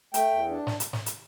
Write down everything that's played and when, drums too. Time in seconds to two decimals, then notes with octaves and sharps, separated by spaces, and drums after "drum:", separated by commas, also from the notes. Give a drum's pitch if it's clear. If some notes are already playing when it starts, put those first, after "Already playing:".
0.14 A3 G5, drum: hi-hat
0.31 E2
0.49 D4
0.67 drum: snare
0.80 drum: hi-hat
0.93 drum: snare
1.06 drum: hi-hat